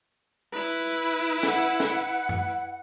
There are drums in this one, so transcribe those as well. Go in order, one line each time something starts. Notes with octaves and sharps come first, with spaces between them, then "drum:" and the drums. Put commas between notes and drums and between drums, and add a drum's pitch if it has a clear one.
E4 B4
F#5, drum: snare
drum: snare
drum: tom F#2